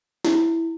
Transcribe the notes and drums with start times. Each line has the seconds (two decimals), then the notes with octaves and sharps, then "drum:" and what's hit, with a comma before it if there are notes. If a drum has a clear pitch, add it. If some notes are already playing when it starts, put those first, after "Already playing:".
0.25 E4, drum: snare